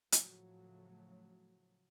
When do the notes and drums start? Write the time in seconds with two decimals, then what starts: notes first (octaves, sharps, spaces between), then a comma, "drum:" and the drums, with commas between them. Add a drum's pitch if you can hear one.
0.12 A2 C#3 F3 F#3 A3, drum: hi-hat